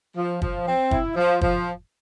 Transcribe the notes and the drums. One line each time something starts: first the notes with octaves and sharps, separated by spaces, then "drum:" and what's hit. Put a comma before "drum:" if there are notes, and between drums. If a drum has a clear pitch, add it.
F3
F3, drum: kick
C4
E4, drum: kick
F3
F3, drum: kick